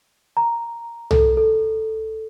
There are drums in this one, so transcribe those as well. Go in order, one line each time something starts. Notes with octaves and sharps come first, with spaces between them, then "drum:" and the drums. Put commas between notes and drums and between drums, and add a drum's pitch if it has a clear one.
A#5
A4, drum: tom C2
A4